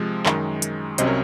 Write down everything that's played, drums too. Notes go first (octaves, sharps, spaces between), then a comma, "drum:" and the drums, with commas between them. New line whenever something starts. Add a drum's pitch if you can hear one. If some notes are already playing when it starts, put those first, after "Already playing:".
Already playing: C3 F3 G#3
F#2 D#3 G#3, drum: clap
drum: hi-hat
C2 C3 F#3 C#4 C5 D#5, drum: hi-hat
A#4 C#5